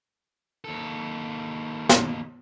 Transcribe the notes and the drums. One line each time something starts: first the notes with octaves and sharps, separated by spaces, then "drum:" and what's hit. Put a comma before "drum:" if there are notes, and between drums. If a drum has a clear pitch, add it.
D#2 A4
drum: snare